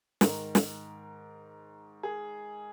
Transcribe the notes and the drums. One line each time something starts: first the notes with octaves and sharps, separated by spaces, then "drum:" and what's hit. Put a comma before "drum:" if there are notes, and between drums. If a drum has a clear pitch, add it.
G#2 D#3 A#4, drum: snare
drum: snare
G#4